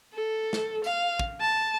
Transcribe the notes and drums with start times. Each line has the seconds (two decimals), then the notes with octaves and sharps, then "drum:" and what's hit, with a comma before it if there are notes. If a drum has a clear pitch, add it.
0.14 A4
0.53 drum: snare
0.84 F5, drum: tambourine
1.19 drum: kick
1.41 A5